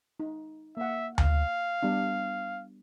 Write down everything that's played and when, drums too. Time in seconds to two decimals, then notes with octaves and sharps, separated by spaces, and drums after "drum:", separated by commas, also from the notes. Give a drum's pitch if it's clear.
0.20 D#4
0.77 A#3 E5 F#5
1.18 F5, drum: tom D2
1.83 G3 B3 D4